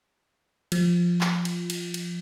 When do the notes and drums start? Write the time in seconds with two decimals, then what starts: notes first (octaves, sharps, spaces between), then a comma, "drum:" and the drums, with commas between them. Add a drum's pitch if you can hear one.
0.72 F3, drum: cymbal
1.21 drum: clap
1.45 drum: cymbal
1.70 drum: cymbal
1.94 drum: cymbal